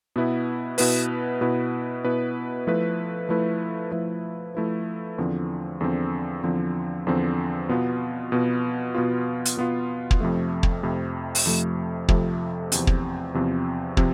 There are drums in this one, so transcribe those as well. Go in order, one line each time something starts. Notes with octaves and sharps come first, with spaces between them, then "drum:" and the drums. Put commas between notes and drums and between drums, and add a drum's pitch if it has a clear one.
B2 B3 E4 B4
B2 B3 E4 B4, drum: open hi-hat
B2 B3 E4 B4
B2 B3 E4 B4
F3 A3 E4 B4
F3 A3 E4 B4
F3 A3 E4 B4
F3 A3 E4 B4
E2 D3 F3 C4
E2 D3 F3 C4
E2 D3 F3 C4
E2 D3 F3 C4
B2 B3 F4
B2 B3 F4
B2 B3 F4
drum: hi-hat
B2 B3 F4
drum: kick
F2 C3 F3 A3
drum: kick
F2 C3 F3 A3
drum: open hi-hat
F2 C3 F3 A3
F2 C3 F3 A3, drum: kick
E2 C3 F3 C4, drum: hi-hat
drum: kick
E2 C3 F3 C4
C3 F3 C4, drum: kick